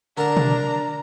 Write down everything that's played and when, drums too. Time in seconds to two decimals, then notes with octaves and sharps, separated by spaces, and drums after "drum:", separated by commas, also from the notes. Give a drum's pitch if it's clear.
0.17 D3 D4 A#4 A5 A#5
0.37 drum: tom B2